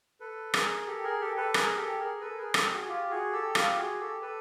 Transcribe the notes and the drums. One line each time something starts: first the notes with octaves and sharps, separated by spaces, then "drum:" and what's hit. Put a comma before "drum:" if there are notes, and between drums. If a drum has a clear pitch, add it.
A4 B4
G#4 A#4, drum: rim click
G4 A4
G#4 A#4
G4 A4
A4 B4
G#4 A#4, drum: rim click
G4 A4
G#4 A#4
A4 B4
G#4 A#4
G4 A4, drum: rim click
F#4 G#4
G#4
F4 G4
F#4 G#4
G4 A4
F4 G4, drum: rim click
F#4 G#4
G4 A4
A4 B4